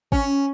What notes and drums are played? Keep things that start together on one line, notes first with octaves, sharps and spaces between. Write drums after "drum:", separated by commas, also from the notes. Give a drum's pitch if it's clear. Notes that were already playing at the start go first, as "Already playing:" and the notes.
C#4, drum: kick